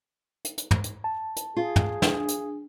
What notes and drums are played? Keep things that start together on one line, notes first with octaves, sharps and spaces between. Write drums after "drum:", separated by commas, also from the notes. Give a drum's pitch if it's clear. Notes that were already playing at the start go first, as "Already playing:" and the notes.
drum: hi-hat
drum: hi-hat
drum: tom
drum: hi-hat
A5
drum: hi-hat
F4 G#4
drum: tom
D4, drum: snare
drum: hi-hat